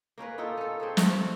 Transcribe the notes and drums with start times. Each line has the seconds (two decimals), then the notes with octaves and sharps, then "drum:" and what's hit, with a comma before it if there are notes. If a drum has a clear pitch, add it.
0.18 A#3 C#4 A#4 B4
0.38 A#3 D#4 F4 A4
0.57 C#4 A4
0.80 C4 G#4 A4
0.97 A3, drum: snare